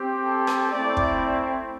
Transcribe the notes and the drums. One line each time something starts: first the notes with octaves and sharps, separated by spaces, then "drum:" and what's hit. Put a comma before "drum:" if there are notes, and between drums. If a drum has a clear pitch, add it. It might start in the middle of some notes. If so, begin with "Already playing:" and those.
Already playing: C4 G4
A4
drum: rim click
A3 C4 E4 D5
drum: kick